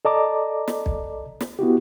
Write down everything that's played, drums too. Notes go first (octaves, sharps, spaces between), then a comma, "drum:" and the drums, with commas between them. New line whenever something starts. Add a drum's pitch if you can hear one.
A4 D5 D#5 A5 A#5 D6
drum: snare
drum: kick B1
drum: snare
B3 E4 F#4 G4